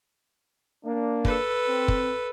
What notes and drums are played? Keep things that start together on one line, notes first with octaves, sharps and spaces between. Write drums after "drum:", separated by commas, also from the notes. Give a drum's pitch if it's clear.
A#3 D4
A4 B4, drum: kick
C4
drum: kick